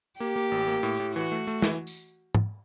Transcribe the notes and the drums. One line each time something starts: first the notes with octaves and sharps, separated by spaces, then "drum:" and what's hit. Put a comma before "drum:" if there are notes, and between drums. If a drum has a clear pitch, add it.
A#3 G4
A#3
A1
A#3
A2
A2
E3 F#4
A3
A3
E3, drum: snare
drum: tambourine
drum: tom